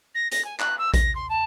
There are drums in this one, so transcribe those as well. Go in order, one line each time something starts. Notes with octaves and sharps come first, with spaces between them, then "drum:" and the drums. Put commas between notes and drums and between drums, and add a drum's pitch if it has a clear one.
A#6
A#6, drum: hi-hat
G#5
F#6, drum: clap
E6
A#6, drum: kick A#1, hi-hat
C6
A5